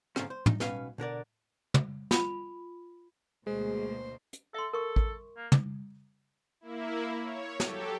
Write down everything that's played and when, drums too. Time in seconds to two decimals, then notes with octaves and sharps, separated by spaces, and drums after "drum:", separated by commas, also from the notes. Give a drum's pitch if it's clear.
0.16 G#2 D3 A3 A#3 C4 C#4, drum: rim click
0.30 C5
0.46 D#4, drum: tom
0.60 B1 B2 C#4 B4 F5, drum: snare
0.98 B2 D3 A#4 D5
1.74 drum: tom
2.11 F4 B5, drum: snare
3.47 D2 B2 G#3 A#3 G#4 C5
4.33 drum: hi-hat
4.54 A4 E5 C6
4.73 A4 A#4 C#6
4.96 drum: kick A1
5.37 A#3
5.52 drum: tom
6.61 A#3 E4
7.21 C#5
7.60 F#3 G4 A4, drum: snare